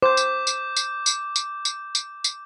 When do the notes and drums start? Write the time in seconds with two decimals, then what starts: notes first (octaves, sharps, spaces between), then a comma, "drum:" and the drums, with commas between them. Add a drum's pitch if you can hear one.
0.03 C5 D6 G6
0.17 drum: tambourine
0.47 drum: tambourine
0.76 drum: tambourine
1.06 drum: tambourine
1.36 drum: tambourine
1.65 drum: tambourine
1.95 drum: tambourine
2.24 drum: tambourine